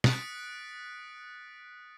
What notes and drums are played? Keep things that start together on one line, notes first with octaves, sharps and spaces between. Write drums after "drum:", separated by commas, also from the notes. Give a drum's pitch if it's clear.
D#6 F#6 A6 B6 C#7 D7, drum: snare